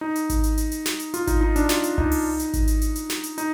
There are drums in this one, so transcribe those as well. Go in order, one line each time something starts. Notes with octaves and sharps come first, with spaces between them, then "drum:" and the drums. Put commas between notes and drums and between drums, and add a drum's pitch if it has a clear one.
D#4
drum: hi-hat
drum: kick G#1, hi-hat
drum: hi-hat
drum: hi-hat
drum: hi-hat
drum: snare
drum: hi-hat
F4, drum: hi-hat
D#4, drum: kick G#1, hi-hat
D#4
D4, drum: hi-hat
F4, drum: snare
drum: hi-hat
D#4, drum: tom C2
drum: open hi-hat
drum: hi-hat
drum: kick G#1, hi-hat
drum: hi-hat
drum: hi-hat
drum: hi-hat
drum: snare
drum: hi-hat
D#4, drum: hi-hat